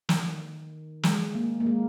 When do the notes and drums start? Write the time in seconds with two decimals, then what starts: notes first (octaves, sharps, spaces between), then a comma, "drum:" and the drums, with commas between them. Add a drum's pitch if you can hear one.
0.09 D#3, drum: snare
1.03 G#3, drum: snare
1.35 A#3
1.60 A#3
1.66 G#3